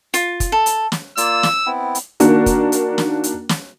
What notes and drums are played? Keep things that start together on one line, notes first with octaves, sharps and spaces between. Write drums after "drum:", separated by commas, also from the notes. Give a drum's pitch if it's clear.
F4, drum: hi-hat
drum: kick, hi-hat
A4
drum: hi-hat
drum: snare
A#3 F4 D5 E6, drum: hi-hat
drum: snare
B3 C4 E4
drum: hi-hat
D#3 A#3 D4 F#4 A#4, drum: hi-hat
drum: kick, hi-hat
drum: hi-hat
drum: snare
drum: hi-hat
drum: snare